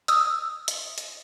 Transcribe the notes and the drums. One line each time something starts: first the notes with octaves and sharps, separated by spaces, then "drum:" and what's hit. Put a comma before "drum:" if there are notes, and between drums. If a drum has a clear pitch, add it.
D#6 E6, drum: hi-hat
drum: hi-hat
drum: hi-hat